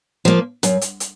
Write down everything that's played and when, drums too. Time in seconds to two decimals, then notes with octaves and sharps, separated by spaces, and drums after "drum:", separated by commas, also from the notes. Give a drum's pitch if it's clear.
0.25 F3 A#3
0.63 F#2, drum: hi-hat
0.81 drum: hi-hat
1.00 drum: hi-hat